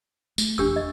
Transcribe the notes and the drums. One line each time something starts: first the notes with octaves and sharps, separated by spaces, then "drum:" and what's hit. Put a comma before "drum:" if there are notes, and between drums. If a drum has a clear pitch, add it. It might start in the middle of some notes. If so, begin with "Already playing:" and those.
A3, drum: tambourine
F1 E2 D4 G4 E6
D#5